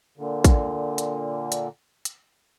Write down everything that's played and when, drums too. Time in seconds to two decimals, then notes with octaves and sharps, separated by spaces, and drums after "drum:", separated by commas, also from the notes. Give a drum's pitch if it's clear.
0.18 A#2 D3
0.44 drum: kick, hi-hat
0.98 drum: hi-hat
1.52 drum: hi-hat
2.05 drum: hi-hat